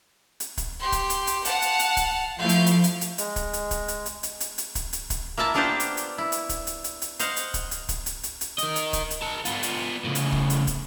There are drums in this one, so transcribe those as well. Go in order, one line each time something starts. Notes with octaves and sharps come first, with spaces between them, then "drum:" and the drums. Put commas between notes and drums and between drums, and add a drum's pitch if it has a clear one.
drum: hi-hat
drum: kick, hi-hat
G4 C6
drum: kick, hi-hat
drum: hi-hat
drum: hi-hat
F5 F#5 A5, drum: hi-hat
drum: hi-hat
drum: hi-hat
drum: kick, hi-hat
F3 A3 E4 F5 G6
drum: hi-hat
drum: hi-hat
drum: hi-hat
drum: hi-hat
G#3, drum: hi-hat
drum: kick, hi-hat
drum: hi-hat
drum: kick, hi-hat
drum: hi-hat
drum: hi-hat
drum: hi-hat
drum: hi-hat
drum: hi-hat
drum: kick, hi-hat
drum: hi-hat
drum: kick, hi-hat
A#3 E4 E5 A5
A#3 B3 D4 F4 G4 C5
drum: hi-hat
drum: hi-hat
E4
drum: hi-hat
drum: kick, hi-hat
drum: hi-hat
drum: hi-hat
drum: hi-hat
C5 D#5 F5 F#5, drum: hi-hat
drum: hi-hat
drum: kick, hi-hat
drum: hi-hat
drum: kick, hi-hat
drum: hi-hat
drum: hi-hat
drum: hi-hat
A#4 D#5, drum: hi-hat
drum: hi-hat
drum: kick, hi-hat
drum: hi-hat
A#4 A5
B3 F4, drum: hi-hat
drum: hi-hat
A2 C#3
drum: hi-hat
drum: kick
drum: hi-hat
drum: kick, hi-hat